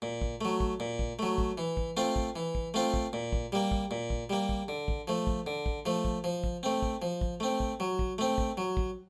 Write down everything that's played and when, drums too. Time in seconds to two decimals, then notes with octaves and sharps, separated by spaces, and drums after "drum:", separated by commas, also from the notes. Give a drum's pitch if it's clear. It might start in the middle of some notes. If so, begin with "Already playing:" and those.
0.02 A#2
0.22 drum: kick
0.41 F#3 A3
0.60 drum: kick
0.80 A#2
0.99 drum: kick
1.19 F#3 A3
1.38 drum: kick
1.58 E3
1.77 drum: kick
1.97 A3 C4 F4
2.16 drum: kick
2.36 E3
2.55 drum: kick
2.74 A3 C4 F4
2.94 drum: kick
3.13 A#2
3.33 drum: kick
3.52 G3 A#3
3.71 drum: kick
3.91 A#2
4.10 drum: kick
4.30 G3 A#3
4.49 drum: kick
4.68 D3
4.88 drum: kick
5.08 F3 A3
5.27 drum: kick
5.47 D3
5.66 drum: kick
5.86 F3 A3
6.05 drum: kick
6.24 F3
6.44 drum: kick
6.63 A3 C4
6.82 drum: kick
7.02 F3
7.21 drum: kick
7.40 A3 C4
7.60 drum: kick
7.80 F#3
7.99 drum: kick
8.18 A3 C4
8.38 drum: kick
8.57 F#3
8.77 drum: kick